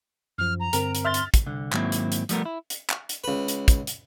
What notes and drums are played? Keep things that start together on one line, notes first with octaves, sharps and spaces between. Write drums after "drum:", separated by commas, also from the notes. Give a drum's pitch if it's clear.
F#2 F3 F6
A#5
G2 D3 C4 A#4, drum: hi-hat
drum: hi-hat
E5 C6 F6 A6
drum: hi-hat
drum: kick, hi-hat
C2 D3
G#2 D#3 F#3 A#3 C4 E4, drum: clap
drum: hi-hat
drum: hi-hat
F3 G3 A3 B3 A#4, drum: hi-hat
E4
drum: hi-hat
drum: clap
drum: hi-hat
C#2 B4
drum: hi-hat
drum: kick, hi-hat
drum: hi-hat